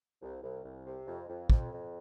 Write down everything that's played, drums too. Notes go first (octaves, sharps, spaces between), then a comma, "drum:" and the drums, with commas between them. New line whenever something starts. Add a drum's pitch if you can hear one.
C2
C2
C2
C3
F2
F2
F2, drum: kick
F2